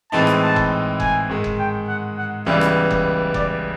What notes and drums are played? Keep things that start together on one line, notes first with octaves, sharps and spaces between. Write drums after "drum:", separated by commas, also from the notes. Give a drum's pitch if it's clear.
A2 E3 G#3 C4 D#4 A5
drum: rim click
A5
drum: kick F1
G#5, drum: kick F1
G#2 D#3 G#3
drum: kick F1
G5
F#5
F#5
C#2 C#3 E3 G3 B3 E5
drum: rim click
drum: kick F1
D5, drum: kick F1